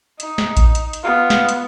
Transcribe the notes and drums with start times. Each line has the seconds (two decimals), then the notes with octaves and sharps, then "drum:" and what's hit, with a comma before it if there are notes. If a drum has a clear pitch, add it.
0.20 D#4, drum: hi-hat
0.38 drum: snare
0.57 drum: kick A1, hi-hat
0.75 drum: hi-hat
0.93 drum: hi-hat
1.04 B3 F4
1.30 drum: snare
1.49 drum: hi-hat